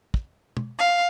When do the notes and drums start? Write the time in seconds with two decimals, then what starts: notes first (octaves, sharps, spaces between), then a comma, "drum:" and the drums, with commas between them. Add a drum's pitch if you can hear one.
0.14 drum: kick
0.57 drum: tom
0.78 F5